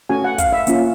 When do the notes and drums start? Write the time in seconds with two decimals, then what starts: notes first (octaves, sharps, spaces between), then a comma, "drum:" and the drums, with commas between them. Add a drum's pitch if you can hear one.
0.09 A3 C#4 F#4 G#5
0.24 F#5
0.38 F5, drum: kick, hi-hat
0.53 E5
0.67 A#3 C#4 F4, drum: hi-hat